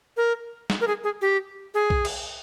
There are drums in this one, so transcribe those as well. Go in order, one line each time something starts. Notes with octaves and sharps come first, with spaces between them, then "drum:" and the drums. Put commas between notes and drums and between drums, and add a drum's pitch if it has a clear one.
A#4
drum: snare
A#4
G#4
G#4
G4
G#4
drum: kick B1
drum: cymbal